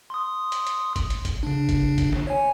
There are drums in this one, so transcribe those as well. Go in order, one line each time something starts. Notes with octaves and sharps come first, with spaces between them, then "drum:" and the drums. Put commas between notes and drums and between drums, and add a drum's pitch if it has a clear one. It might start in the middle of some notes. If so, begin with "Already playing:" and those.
C6 D#6
drum: hi-hat
drum: hi-hat
drum: kick G1, hi-hat
drum: hi-hat
drum: kick G1, hi-hat
C#3 D4
drum: kick G1, hi-hat
drum: kick G1, hi-hat
drum: snare
C#5 G#5